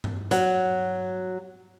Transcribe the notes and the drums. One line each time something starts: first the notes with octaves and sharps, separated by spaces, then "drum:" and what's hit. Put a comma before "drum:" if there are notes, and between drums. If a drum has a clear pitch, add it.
drum: tom G2
F#3, drum: hi-hat